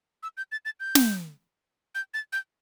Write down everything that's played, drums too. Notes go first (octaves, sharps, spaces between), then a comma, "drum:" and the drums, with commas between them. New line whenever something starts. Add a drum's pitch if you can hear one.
E6
G6
A6
A6
G6
drum: snare
G6
A6
G6